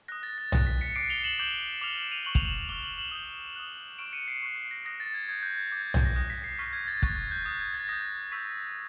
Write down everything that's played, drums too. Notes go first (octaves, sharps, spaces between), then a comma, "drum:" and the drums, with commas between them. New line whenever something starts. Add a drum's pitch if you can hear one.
D#6 F#6 A#6
A6
A6
D#6 F#6 A#6, drum: tom
B6
B6 C#7
D6 F#6 C7 D7
F7 G7
E7 F#7
D6 G6 E7 F#7
D6 F6 F7 G7
E7 F#7
D#7 F7
C#6 F#6 F#7
F7, drum: kick
E7 F#7
D6 F6 F7 G7
E7 F#7
E7 F#7
D#6 G6
D#6 F#6
C#6 F6 D7 E7
C#7 D#7
C7 D7
C#6 F#6 C7
C7
A#6
D#6 F#6 A#6
A6
G#6
D#6 G6 G#6
G6
G#6
D6 G6 G#6
G#6
G6, drum: tom
A#6
D#6 F#6 A#6
B6
C7
C#6 F6 B6
G#6
A6
C#6 F#6 G#6, drum: kick
G#6
G6
D#6 F#6 G#6
G#6
A6
D#6 G6 A#6
C#6 E6 G6 B6